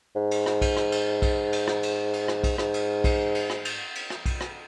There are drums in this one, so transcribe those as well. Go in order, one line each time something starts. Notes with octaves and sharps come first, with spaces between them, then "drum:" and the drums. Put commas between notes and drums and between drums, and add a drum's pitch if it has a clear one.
G#2
drum: cymbal
drum: rim click
drum: kick B1, cymbal
drum: rim click
drum: cymbal
drum: kick B1, cymbal
drum: cymbal
drum: rim click
drum: cymbal
drum: cymbal
drum: rim click
drum: kick B1, cymbal
G#2, drum: rim click
drum: cymbal
drum: kick B1, cymbal
drum: cymbal
drum: rim click
drum: cymbal
drum: cymbal
drum: rim click
drum: kick B1, cymbal
drum: rim click